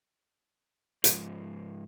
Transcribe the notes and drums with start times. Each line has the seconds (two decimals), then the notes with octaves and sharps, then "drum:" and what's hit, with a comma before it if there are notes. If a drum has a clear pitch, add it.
1.04 G#2 F3, drum: hi-hat